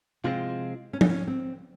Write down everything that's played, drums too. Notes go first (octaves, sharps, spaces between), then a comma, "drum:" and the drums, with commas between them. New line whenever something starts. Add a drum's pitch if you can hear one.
C3 F3 G#3 C4 F4
C#4
D#4, drum: tom F3
C#4
C4